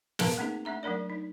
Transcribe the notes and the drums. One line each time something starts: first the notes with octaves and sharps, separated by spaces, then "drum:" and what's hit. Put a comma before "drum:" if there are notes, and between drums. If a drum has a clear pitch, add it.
A#4 B4 F5 A5 A#5 C6, drum: snare
A3 A#3 C4 C#4 D#4 G#4
A3 D4 E5 A#5
F#3 A3 D4 A#4 D5
D#4